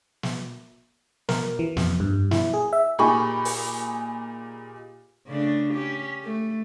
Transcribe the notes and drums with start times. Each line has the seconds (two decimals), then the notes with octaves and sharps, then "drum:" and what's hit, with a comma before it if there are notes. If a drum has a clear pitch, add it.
0.23 drum: snare
1.29 A#4, drum: snare
1.59 E3
1.77 F2, drum: snare
2.00 G2
2.31 E4, drum: snare
2.54 G#4
2.73 E5
2.99 A#2 D#4 G4 G#4 B5 C#6
3.45 drum: open hi-hat
5.27 C#3 A3 D4
5.73 C#4 G4
6.24 A3